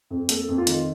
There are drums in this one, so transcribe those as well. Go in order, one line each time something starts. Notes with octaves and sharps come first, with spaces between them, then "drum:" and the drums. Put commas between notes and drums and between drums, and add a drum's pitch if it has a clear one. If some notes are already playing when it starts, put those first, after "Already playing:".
F2
A#3 A4, drum: hi-hat
F2
F4
D#3, drum: hi-hat